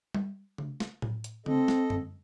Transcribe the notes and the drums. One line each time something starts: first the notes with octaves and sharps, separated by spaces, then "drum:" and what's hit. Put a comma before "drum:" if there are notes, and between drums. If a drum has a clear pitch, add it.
drum: tom G3
drum: tom C#3
drum: snare
drum: tom A2
drum: hi-hat
C4 A4 D#5, drum: tom C#3
drum: snare
drum: tom F#2